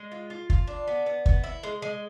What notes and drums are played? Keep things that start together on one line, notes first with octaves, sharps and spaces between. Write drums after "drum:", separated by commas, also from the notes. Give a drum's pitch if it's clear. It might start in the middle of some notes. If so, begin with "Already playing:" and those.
Already playing: G#3
F4
F4
F4, drum: kick
D4
B3
B3
B3, drum: kick
E4
G#3
G#3